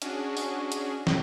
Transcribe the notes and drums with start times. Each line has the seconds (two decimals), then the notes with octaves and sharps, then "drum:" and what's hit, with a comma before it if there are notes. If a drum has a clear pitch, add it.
0.02 C#4 D4 F#4 G#4, drum: hi-hat
0.37 drum: open hi-hat
0.72 drum: hi-hat
1.07 drum: snare